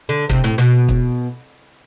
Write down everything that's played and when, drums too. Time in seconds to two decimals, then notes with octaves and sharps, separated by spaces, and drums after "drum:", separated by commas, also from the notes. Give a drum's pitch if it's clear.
0.09 D3
0.29 C3, drum: kick
0.44 A2
0.58 B2
0.89 drum: kick